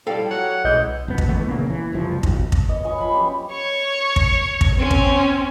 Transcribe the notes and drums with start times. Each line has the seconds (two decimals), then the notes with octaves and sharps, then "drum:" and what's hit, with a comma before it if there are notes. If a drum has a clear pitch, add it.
0.07 A2 F3 G3 A4 F5 G5
0.30 F#3 C#5 F#5
0.64 B1 C#3 E3 G#3 D#5 G6
1.08 F#1 F2 B3
1.18 drum: kick
1.28 C#2 E3 A3 B3
1.47 A#1 C#3 A#3
1.70 E3
1.93 F#1 C2 A#2 F3
2.23 B1, drum: kick
2.52 drum: kick
2.69 C#5 D#5
2.84 D#5 G#5 B5 C#6
2.98 F3 B5
3.12 F#2 G4 C5
3.51 C#5 C#6
4.16 drum: kick
4.61 drum: kick
4.75 C4 C#4
4.91 drum: kick